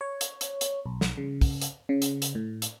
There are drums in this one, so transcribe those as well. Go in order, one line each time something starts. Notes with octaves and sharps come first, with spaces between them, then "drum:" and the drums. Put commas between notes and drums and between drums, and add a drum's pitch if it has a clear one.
C#5
drum: hi-hat
drum: hi-hat
drum: hi-hat
B1
drum: snare
C#3
drum: kick, open hi-hat
drum: hi-hat
C#3
drum: hi-hat
drum: hi-hat
A2
drum: hi-hat